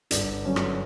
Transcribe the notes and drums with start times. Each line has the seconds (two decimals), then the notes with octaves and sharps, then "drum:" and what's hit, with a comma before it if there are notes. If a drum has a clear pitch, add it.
0.11 G1 D4, drum: hi-hat
0.45 F#2 D3 F#3 C#4
0.56 drum: rim click